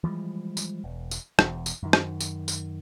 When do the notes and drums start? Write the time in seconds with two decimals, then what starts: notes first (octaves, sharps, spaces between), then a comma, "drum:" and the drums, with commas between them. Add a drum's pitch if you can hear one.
0.04 E3 F3 G3 G#3
0.57 drum: tambourine
0.84 E1
1.11 drum: tambourine
1.39 E1 E2, drum: rim click
1.66 drum: tambourine
1.83 F#2 D#3
1.93 drum: rim click
2.21 drum: tambourine
2.48 drum: tambourine